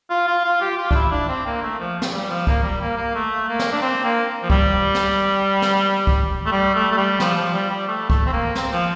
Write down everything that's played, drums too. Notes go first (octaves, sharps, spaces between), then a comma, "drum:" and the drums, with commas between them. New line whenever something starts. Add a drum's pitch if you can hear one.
F4
F4
F4
G4
F4
D4, drum: kick C2
E4
D4
C4
A#3
A3
F3
drum: snare
G3
F3
A#3, drum: kick C2
G3
A#3
A#3
A3
A#3
drum: snare
D4
C4
A#3
F3
G3, drum: kick C2
drum: snare
drum: snare
drum: kick C2
A3
G3
A3
A3
G3
F3, drum: snare
F3
G3
G3
A3
A3, drum: kick C2
C4
A#3
C4, drum: snare
F3